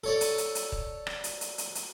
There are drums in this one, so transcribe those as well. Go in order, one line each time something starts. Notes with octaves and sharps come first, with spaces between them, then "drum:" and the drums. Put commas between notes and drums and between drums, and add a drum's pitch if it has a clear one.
A4 C#5 D5
drum: hi-hat
drum: hi-hat
drum: hi-hat
drum: kick
drum: rim click
drum: hi-hat
drum: hi-hat
drum: hi-hat
drum: hi-hat